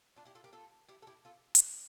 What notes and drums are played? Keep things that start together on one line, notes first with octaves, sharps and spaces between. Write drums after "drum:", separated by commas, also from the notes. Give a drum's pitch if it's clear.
D4 F4
E4 G4
F4 A4
G4 A#4
F4 A4
E4 G4
A4
E4 G4
F4 A4
drum: hi-hat